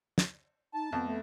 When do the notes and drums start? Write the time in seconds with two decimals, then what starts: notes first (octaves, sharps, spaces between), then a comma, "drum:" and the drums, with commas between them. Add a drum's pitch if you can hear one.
0.18 drum: snare
0.74 D#4 A5
0.93 F2 B3
1.05 A3